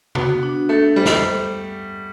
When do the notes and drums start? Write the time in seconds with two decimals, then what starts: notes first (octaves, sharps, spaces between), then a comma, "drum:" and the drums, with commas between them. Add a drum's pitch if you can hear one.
0.15 B3 F#4, drum: tom C3
0.43 D4
0.69 A3 A4
0.96 G3 C5
1.06 drum: snare